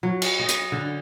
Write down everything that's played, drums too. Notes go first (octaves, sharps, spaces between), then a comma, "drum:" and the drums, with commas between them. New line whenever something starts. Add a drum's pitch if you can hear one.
F#3
drum: cymbal
D#5
drum: hi-hat
D3